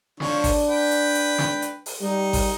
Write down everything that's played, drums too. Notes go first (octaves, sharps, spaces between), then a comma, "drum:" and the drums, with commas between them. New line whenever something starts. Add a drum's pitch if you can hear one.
D3 F3 D4 C#5, drum: snare
drum: kick G#1, open hi-hat
B4 G5
drum: hi-hat
drum: hi-hat
drum: snare
drum: hi-hat
drum: open hi-hat
G3 D#4
drum: kick G#1, open hi-hat